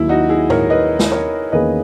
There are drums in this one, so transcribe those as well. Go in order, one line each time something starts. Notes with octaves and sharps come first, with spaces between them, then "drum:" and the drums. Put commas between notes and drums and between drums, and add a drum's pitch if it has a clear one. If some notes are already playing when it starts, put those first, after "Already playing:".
Already playing: D#2 D#3 F#3 E4
D#4 F#4
E4 G#4
A#4 C#5, drum: tom A2
B4 D#5
drum: snare
A#4 C#5
E2 D#3 A#3 C#4 G#4 B4 D#5